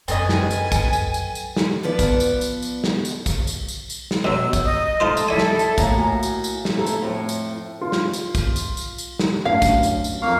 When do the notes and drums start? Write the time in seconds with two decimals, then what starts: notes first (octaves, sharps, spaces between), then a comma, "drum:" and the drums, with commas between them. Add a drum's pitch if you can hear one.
0.08 F#2 C4 A4 B4 C#5 D#5 G5 G#5, drum: tambourine
0.29 drum: snare
0.51 drum: tambourine
0.72 drum: kick, tambourine
0.93 drum: tambourine
1.14 drum: tambourine
1.35 drum: tambourine
1.56 drum: snare
1.83 F3 B3 B4 D5
1.99 drum: kick, tambourine
2.20 drum: tambourine
2.41 drum: tambourine
2.62 drum: tambourine
2.84 drum: snare
3.05 drum: tambourine
3.26 drum: kick, tambourine
3.47 drum: tambourine
3.68 drum: tambourine
3.90 drum: tambourine
4.11 drum: snare
4.24 B2 F#3 E6
4.53 drum: kick, tambourine
4.64 D#5 D#6
4.85 D#5
5.00 D#4 F4 A4 C5 D#6
5.17 drum: tambourine
5.28 E4 A4 D5 G#5
5.38 drum: snare
5.59 drum: tambourine
5.78 A2 A#3 D#5, drum: kick, tambourine
5.97 F#4 G#5 A#5
6.23 drum: tambourine
6.44 drum: tambourine
6.65 drum: snare
6.76 A3 D#4 E4 A4
6.86 drum: tambourine
7.02 F2 A2
7.29 drum: tambourine
7.81 F4
7.92 drum: snare
8.13 drum: tambourine
8.35 drum: kick, tambourine
8.56 drum: tambourine
8.77 drum: tambourine
8.98 drum: tambourine
9.19 drum: snare
9.45 A1 F#2 D4 F5
9.62 drum: kick, tambourine
9.83 drum: tambourine
10.04 drum: tambourine
10.22 F2 A#3 F5 C#6